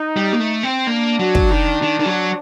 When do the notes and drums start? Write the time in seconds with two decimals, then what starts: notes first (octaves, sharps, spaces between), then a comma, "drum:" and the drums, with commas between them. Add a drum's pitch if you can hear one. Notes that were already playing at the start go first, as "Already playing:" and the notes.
Already playing: D#4
0.16 G3
0.33 A#3
0.40 A3
0.63 C4
0.87 A#3 D4
1.19 F#3
1.35 drum: kick
1.51 D#3
1.82 D#3
1.99 D#3
2.05 F#3